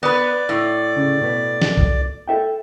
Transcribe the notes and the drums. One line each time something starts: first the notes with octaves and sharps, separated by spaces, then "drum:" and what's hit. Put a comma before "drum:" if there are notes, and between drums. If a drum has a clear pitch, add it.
B3 B4 D5
A2
C#3
B2 B3
drum: snare
drum: kick C2
A4 E5 G5